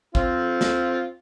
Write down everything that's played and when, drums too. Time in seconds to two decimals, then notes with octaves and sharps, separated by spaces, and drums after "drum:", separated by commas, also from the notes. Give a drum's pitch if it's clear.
0.15 C4 F4, drum: kick
0.61 drum: snare